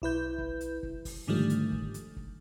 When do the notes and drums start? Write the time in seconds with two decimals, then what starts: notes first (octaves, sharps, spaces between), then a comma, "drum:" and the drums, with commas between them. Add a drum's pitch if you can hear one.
0.02 B1 E4 B4 G6
0.38 drum: kick
0.61 drum: hi-hat
0.83 drum: kick
1.05 drum: kick, open hi-hat
1.27 G#2 D3 D#3 F3 G3 A3
1.50 drum: hi-hat
1.72 drum: kick
1.94 drum: hi-hat
2.16 drum: kick